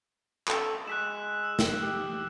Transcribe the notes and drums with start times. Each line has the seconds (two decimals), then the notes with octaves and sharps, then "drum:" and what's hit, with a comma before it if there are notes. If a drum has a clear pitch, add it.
0.48 A4 D#6 E6, drum: clap
0.88 G#3 F#6 B6 E7
1.43 E6
1.59 drum: snare
1.82 G4 E6